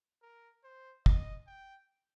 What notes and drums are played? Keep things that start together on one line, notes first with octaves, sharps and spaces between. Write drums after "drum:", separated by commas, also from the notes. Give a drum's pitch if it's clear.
A#4
C5
D#5, drum: kick
G5